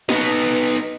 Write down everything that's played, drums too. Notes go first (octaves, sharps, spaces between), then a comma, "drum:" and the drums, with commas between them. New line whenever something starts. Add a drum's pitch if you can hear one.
B3 D#4, drum: snare
drum: hi-hat